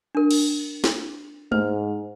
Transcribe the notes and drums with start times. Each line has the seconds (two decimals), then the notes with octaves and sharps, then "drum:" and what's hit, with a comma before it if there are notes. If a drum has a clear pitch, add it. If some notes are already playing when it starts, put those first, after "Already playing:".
0.15 D4 A#4
0.31 drum: cymbal
0.84 drum: snare
1.52 G#2 C5, drum: tom G#3